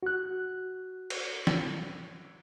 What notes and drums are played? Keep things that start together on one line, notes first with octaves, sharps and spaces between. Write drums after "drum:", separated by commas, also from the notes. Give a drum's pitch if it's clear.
F#4 F#6
drum: cymbal
drum: snare